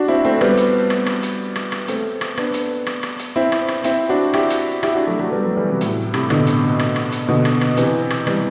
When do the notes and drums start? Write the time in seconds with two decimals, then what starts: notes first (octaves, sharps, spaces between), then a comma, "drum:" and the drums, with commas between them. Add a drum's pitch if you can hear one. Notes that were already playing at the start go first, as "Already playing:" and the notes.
Already playing: D4 F#4
0.08 C4 E4
0.25 A3 C4
0.41 G3 B3, drum: rim click
0.57 drum: hi-hat
0.90 drum: rim click
1.06 drum: rim click
1.23 drum: hi-hat
1.56 drum: rim click
1.72 drum: rim click
1.88 A3 C4, drum: hi-hat
2.21 drum: rim click
2.37 B3 D4, drum: rim click
2.54 drum: hi-hat
2.87 drum: rim click
3.03 drum: rim click
3.19 drum: hi-hat
3.36 C4 E4
3.52 drum: rim click
3.68 drum: rim click
3.84 C4 E4, drum: hi-hat
4.09 D4 F#4
4.33 E4 G4, drum: rim click
4.50 drum: hi-hat
4.83 E4 G4, drum: rim click
4.95 D4 F#4
5.07 F#3 A3
5.19 F#3 A3
5.31 G3 B3
5.44 F#3 A3
5.57 E3 G3
5.69 C3 E3
5.81 A2, drum: hi-hat
6.14 A2 C3, drum: rim click
6.30 B2 D3, drum: rim click
6.47 drum: hi-hat
6.79 drum: rim click
6.96 drum: rim click
7.12 drum: hi-hat
7.28 B2 D3
7.45 drum: rim click
7.61 drum: rim click
7.77 C3 E3, drum: hi-hat
8.10 drum: rim click
8.27 E3 G3, drum: rim click